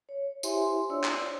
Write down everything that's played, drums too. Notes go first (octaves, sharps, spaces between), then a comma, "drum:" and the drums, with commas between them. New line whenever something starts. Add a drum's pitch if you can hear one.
C#5
E4 G4 C5 E5 G#5 C6, drum: tambourine
D4 F4 C#5 D5 C6 E6
drum: clap
C5